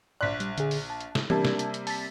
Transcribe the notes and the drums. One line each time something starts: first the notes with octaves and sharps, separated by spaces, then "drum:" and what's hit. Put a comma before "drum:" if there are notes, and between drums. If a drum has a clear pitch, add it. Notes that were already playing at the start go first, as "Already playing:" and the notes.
A#1 D5 C6 F#6 B6
G3, drum: hi-hat
D3 G#4, drum: hi-hat
drum: open hi-hat
A5
drum: hi-hat
drum: snare
C3 G3 A#3 D4 A5 G#6, drum: tom E3
drum: snare
drum: hi-hat
drum: hi-hat
A5 A6 B6, drum: open hi-hat